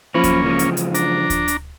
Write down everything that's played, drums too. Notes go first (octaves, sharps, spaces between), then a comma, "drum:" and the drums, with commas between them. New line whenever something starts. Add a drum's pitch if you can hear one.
F#2 F3 A#3 C#4 A#4 B5
drum: kick D2, hi-hat
C#3 E3 F3 G#3
drum: hi-hat
drum: hi-hat
D4 A#5, drum: hi-hat
drum: kick D2, hi-hat
drum: hi-hat